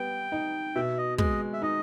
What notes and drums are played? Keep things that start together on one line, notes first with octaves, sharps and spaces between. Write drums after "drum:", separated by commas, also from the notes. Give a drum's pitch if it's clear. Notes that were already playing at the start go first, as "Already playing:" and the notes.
Already playing: G3 B3 G5
D#4
B2 E5
D#5
G#3 D#5, drum: kick
E5
D#4 D#5